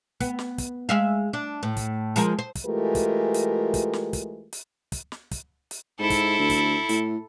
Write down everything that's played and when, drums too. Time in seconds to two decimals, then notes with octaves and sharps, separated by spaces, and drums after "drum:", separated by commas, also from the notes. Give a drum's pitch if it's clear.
0.20 B3, drum: kick, hi-hat
0.39 drum: snare
0.58 drum: kick, hi-hat
0.89 G#3 E5 F5
1.33 D4
1.63 A2
1.77 drum: kick, hi-hat
2.16 F3 G#3 A#4, drum: hi-hat
2.39 C5
2.55 drum: kick, hi-hat
2.66 E3 G#3 A3 F4 G4 A#4
2.95 drum: kick, hi-hat
3.34 drum: hi-hat
3.74 drum: kick, hi-hat
3.93 drum: snare
4.13 drum: kick, hi-hat
4.53 drum: hi-hat
4.92 drum: kick, hi-hat
5.12 drum: snare
5.31 drum: kick, hi-hat
5.71 drum: hi-hat
6.00 G#2 E4 A4
6.10 drum: kick, hi-hat
6.39 D2
6.50 drum: kick, hi-hat
6.89 A2, drum: hi-hat